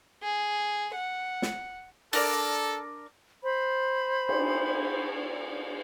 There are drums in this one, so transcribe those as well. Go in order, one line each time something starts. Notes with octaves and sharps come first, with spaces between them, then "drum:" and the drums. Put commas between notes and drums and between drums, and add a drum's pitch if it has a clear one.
G#4
F#5
drum: snare
D4 A4 A#4 D5, drum: open hi-hat
C5 B5
drum: cymbal